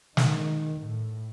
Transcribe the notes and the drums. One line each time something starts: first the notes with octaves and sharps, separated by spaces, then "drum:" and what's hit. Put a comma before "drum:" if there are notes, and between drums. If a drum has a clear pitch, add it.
D#3, drum: snare
A2